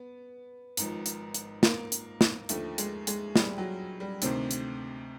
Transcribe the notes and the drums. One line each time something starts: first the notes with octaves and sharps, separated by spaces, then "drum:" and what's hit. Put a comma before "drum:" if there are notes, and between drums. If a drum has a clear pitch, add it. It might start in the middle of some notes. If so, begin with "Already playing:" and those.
Already playing: B3
G#1 G#2 F3, drum: hi-hat
drum: hi-hat
drum: hi-hat
A#3, drum: snare
drum: hi-hat
drum: snare
D#2 D3 F3 A3, drum: hi-hat
G#3, drum: hi-hat
G#3, drum: hi-hat
G3, drum: snare
F#3
G3
D2 C3 D#3 C4, drum: hi-hat
drum: hi-hat